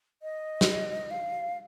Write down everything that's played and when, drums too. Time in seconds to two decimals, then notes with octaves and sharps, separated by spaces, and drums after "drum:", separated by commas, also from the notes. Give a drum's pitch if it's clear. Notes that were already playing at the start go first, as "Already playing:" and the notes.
0.22 D#5
0.61 drum: snare
1.11 F5